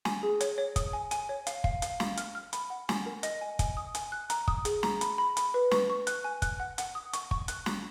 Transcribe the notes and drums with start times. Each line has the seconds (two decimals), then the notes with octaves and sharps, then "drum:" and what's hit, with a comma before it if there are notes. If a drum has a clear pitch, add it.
0.05 G#5, drum: snare
0.23 G#4
0.41 C#5, drum: hi-hat
0.58 C#5
0.76 D#6, drum: kick, hi-hat
0.93 G#5
1.11 G#5, drum: hi-hat
1.29 C#5
1.47 F5, drum: hi-hat
1.64 F5, drum: kick
1.82 F5, drum: hi-hat
2.00 F5, drum: snare
2.17 F6, drum: hi-hat
2.35 F6
2.53 B5, drum: hi-hat
2.70 F#5
2.89 G#5, drum: snare
3.06 A#4
3.23 D#5, drum: hi-hat
3.41 G#5
3.59 G#5, drum: kick, hi-hat
3.77 D#6
3.95 G#5, drum: hi-hat
4.12 F#6
4.30 A#5, drum: hi-hat
4.48 D#6, drum: kick
4.65 G#4, drum: hi-hat
4.83 A#5, drum: snare
5.01 B5, drum: hi-hat
5.18 B5
5.37 B5, drum: hi-hat
5.54 B4
5.71 C#6, drum: snare
5.90 C#6
6.07 F#6, drum: hi-hat
6.24 G#5
6.42 F#6, drum: kick, hi-hat
6.60 F#5
6.78 F#5, drum: hi-hat
6.95 D#6
7.13 C#6, drum: hi-hat
7.31 C#6, drum: kick
7.48 F#6, drum: hi-hat
7.66 C#6, drum: snare